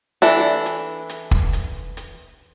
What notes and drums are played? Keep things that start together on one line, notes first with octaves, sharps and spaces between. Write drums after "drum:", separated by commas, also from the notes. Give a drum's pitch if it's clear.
E3 D4 A4, drum: hi-hat
drum: hi-hat
drum: hi-hat
drum: kick
drum: hi-hat
drum: hi-hat